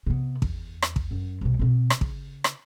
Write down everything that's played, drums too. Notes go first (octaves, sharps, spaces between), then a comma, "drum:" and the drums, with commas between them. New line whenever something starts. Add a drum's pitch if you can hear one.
C3 B3
E2, drum: kick
drum: rim click
drum: kick
F#2
C2 B2
B2 C4
drum: rim click
C#3, drum: kick
drum: rim click